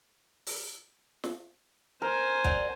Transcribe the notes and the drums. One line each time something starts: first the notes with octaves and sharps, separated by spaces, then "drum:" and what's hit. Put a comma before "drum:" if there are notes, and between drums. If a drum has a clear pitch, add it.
drum: open hi-hat
drum: snare
A#4 C5 G#5
F#3 G3, drum: kick